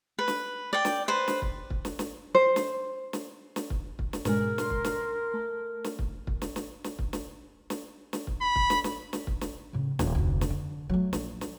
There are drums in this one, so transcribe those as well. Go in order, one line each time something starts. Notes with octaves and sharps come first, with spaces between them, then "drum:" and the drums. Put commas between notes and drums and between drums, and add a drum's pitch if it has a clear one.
B4
drum: snare
D5 G5
drum: snare
B4 C5
drum: snare
drum: kick
drum: kick
drum: snare
drum: snare
C5
drum: snare
drum: snare
drum: snare
drum: kick
drum: kick
drum: snare
G#2 B2 G#3 A#4, drum: snare
C6, drum: snare
drum: kick
drum: snare
A3
drum: snare
drum: kick
drum: kick
drum: snare
drum: snare
drum: snare
drum: kick
drum: snare
drum: snare
drum: snare
drum: kick
B5
drum: kick
drum: snare
drum: snare
drum: snare
drum: kick
drum: snare
A2 C#3
D#1, drum: snare
F1 D2
drum: snare
D3
F#3 A3
A#1, drum: snare
drum: snare